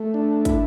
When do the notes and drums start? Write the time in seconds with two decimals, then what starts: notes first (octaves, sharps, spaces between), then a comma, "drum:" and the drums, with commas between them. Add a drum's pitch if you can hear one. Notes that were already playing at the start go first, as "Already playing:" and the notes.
Already playing: A3
0.14 D4
0.45 E4, drum: kick, hi-hat